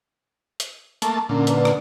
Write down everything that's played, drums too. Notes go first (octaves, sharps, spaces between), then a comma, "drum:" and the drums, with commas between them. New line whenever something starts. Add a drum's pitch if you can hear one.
drum: hi-hat
A3 A#3 A5, drum: hi-hat
A#2 D3 C#4 A#4 D5
B4 D5, drum: hi-hat
drum: rim click